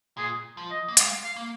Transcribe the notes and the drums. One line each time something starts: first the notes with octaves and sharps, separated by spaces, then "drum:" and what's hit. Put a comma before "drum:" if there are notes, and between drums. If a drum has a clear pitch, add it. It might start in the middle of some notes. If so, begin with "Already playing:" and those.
A#2 G#4
F3
D#5
A#3
G#3 F5, drum: hi-hat
F5
A#3